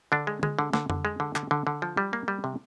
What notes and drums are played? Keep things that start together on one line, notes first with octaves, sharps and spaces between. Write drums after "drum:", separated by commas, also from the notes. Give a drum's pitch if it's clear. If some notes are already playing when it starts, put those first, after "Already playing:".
D3 D4
G#3
G#3, drum: tom D3
D3
D3, drum: snare
D3, drum: tom F2
G#3
D3
D3, drum: clap
D3
D3
F3
G3
A#3
G3
C3